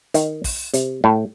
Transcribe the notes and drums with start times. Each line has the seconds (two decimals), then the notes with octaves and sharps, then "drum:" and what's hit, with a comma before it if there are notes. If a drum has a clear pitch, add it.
0.14 D#3, drum: hi-hat
0.44 drum: kick, open hi-hat
0.74 C3, drum: hi-hat
1.04 A2